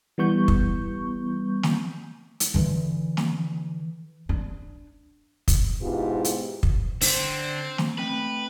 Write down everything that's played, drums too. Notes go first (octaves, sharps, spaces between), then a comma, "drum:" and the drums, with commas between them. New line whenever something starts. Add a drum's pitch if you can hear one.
E3 G3 B3 C#6 G6
drum: kick
drum: snare
drum: hi-hat
D3 E3
drum: snare
D4
drum: kick, hi-hat
G#2 B2 E4 F4 G4
drum: hi-hat
drum: kick
D3 C4 C5, drum: open hi-hat
drum: snare
A3 C4 B4 G5 B5